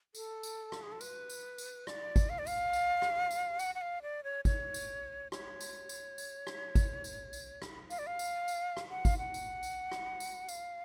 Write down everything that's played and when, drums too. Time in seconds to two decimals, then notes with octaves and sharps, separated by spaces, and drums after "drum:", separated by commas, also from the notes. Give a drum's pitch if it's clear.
0.15 A4, drum: tambourine
0.43 drum: tambourine
0.72 drum: rim click
0.83 G#4
0.92 A4
1.01 B4, drum: tambourine
1.30 drum: tambourine
1.58 drum: tambourine
1.87 D5, drum: rim click
2.16 drum: kick, tambourine
2.30 F5
2.39 D5
2.47 F5, drum: tambourine
2.73 drum: tambourine
3.02 drum: rim click
3.31 drum: tambourine
3.59 F#5, drum: tambourine
3.75 F#5
3.81 F5
4.02 D5
4.24 C#5
4.45 C#5, drum: kick, tambourine
4.74 drum: tambourine
5.32 C#5, drum: rim click
5.61 drum: tambourine
5.89 drum: tambourine
6.18 drum: tambourine
6.47 drum: rim click
6.75 drum: kick, tambourine
7.04 drum: tambourine
7.33 drum: tambourine
7.62 drum: rim click
7.90 F5, drum: tambourine
7.99 D5
8.07 F5
8.19 drum: tambourine
8.48 drum: tambourine
8.77 drum: rim click
8.90 F#5
9.05 F5, drum: kick, tambourine
9.18 F#5
9.34 drum: tambourine
9.63 drum: tambourine
9.92 drum: rim click
10.20 drum: tambourine
10.48 F5, drum: tambourine